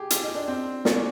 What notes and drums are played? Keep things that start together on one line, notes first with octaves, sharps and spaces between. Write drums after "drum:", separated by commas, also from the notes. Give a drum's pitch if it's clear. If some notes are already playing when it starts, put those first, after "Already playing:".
Already playing: G4 G#4
F4, drum: hi-hat
D#4
D4
C4
C#4, drum: snare
D4